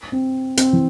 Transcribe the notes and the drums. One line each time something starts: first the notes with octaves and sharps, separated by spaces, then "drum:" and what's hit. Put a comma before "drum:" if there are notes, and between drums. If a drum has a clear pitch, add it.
C4
C4, drum: hi-hat
E3